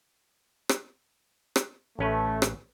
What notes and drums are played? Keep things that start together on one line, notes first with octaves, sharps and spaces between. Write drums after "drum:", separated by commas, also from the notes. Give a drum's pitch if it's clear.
drum: rim click
drum: rim click
A1 A3 C#4 B4
drum: rim click